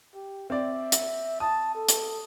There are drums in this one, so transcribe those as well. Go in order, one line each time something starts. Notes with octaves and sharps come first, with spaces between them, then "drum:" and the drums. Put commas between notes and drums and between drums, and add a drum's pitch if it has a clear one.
G4
C4 D5 E5
drum: hi-hat
A5 D#6
A4
drum: hi-hat